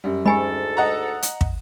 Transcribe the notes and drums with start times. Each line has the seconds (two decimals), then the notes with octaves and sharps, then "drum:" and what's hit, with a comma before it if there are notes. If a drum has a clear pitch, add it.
0.04 F#2 G3
0.26 D2 G#2 G#3 G4 A4 G#5 B5
0.77 D#5 F#5 A#5
1.23 drum: hi-hat
1.41 drum: kick